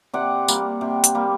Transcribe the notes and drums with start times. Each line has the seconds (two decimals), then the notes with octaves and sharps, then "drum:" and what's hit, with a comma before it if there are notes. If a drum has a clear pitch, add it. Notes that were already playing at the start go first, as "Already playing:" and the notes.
0.14 C3 D5 F#5
0.48 G3 A#3, drum: tambourine
0.81 C3
1.04 drum: hi-hat
1.15 G3 A#3